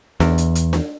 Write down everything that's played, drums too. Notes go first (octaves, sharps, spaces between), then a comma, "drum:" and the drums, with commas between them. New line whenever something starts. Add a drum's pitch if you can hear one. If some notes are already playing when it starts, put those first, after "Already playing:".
E2, drum: snare D4
drum: hi-hat
drum: hi-hat
drum: snare D4